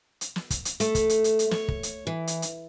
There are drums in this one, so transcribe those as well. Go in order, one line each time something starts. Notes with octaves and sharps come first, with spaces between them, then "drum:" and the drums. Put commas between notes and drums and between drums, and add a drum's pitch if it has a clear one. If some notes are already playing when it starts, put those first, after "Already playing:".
drum: hi-hat
drum: snare
drum: kick, hi-hat
drum: hi-hat
A3, drum: hi-hat
drum: kick, hi-hat
drum: hi-hat
drum: hi-hat
drum: hi-hat
C#5, drum: snare
drum: kick
drum: hi-hat
E3
drum: hi-hat
drum: hi-hat